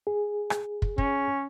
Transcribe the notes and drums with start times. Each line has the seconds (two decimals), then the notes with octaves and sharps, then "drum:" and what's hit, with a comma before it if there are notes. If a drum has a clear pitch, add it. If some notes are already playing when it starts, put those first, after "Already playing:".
0.07 G#4
0.50 drum: rim click
0.82 drum: kick
0.98 C#4, drum: kick